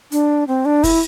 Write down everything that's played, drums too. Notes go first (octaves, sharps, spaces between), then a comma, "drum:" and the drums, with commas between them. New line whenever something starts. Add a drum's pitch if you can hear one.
D4, drum: hi-hat
C4
D4
E4, drum: kick, open hi-hat